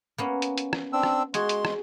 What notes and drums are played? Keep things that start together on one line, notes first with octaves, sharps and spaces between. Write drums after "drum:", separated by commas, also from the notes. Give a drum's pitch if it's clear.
A#3 B3 C#4
drum: hi-hat
drum: hi-hat
drum: rim click
C4 D4 E6
drum: rim click
G#3 F#4 G#4 C6, drum: hi-hat
drum: hi-hat
drum: rim click